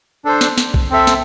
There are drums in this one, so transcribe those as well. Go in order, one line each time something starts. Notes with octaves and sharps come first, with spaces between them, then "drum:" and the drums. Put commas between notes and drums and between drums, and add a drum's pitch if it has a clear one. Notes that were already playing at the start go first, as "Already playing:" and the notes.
D4 A4 C5
drum: snare
drum: snare
drum: kick B1
C4 A4 E5
drum: snare